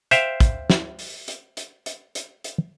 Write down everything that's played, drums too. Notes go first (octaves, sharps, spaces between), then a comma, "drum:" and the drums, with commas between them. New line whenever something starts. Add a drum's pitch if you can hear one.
C5 E5 F5 G5, drum: hi-hat
drum: kick, hi-hat
drum: snare
drum: open hi-hat
drum: hi-hat
drum: hi-hat
drum: hi-hat
drum: hi-hat
drum: hi-hat